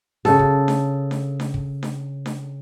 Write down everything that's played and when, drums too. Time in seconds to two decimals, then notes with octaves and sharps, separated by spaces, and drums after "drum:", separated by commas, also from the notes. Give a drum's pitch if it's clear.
0.25 C#3 A4, drum: snare D4
0.39 drum: kick
0.68 drum: snare D4
1.11 drum: snare D4
1.40 drum: snare D4
1.54 drum: kick
1.83 drum: snare D4
2.26 drum: snare D4